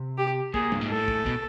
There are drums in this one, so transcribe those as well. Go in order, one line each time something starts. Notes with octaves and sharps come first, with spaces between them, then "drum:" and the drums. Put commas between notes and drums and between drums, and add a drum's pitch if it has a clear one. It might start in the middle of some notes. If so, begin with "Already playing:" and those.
Already playing: C3
G4
A#2 G#4, drum: kick
G2, drum: tom
G#2
A2 A4
drum: kick
B2, drum: kick